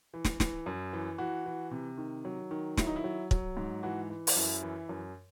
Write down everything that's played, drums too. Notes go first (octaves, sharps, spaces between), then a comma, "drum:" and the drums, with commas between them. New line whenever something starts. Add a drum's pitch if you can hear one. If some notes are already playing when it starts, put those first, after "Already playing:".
E3
drum: snare
E3, drum: snare
F#2
E3
E3 F#4
E3
C3
D#3
F#3
D#3
F#3 E4, drum: snare
D#4
E4
F#3
F#3, drum: kick
G#2
E3 F#4
E3
drum: open hi-hat
F#2 E4
E3
F#2